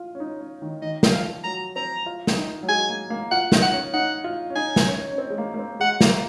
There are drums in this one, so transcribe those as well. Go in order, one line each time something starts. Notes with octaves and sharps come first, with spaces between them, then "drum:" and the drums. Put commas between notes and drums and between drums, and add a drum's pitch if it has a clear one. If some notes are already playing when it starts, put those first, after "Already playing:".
Already playing: F4
C#4
D#4
C#4
D#3
D#3 D#5
drum: snare
F3 F5
F#3 A#5
C4 A#5
F4
drum: snare
D#4
F#3
G#3 G#5
A#3
A#3
F4 F#5
D#4, drum: snare
F#5
C#4
D#4 F#5
F4
C#4
D#4 G#5
drum: snare
C#4
C#4
C4
G#3
A#3
A#3
C4
G#3 F#5
A#3, drum: snare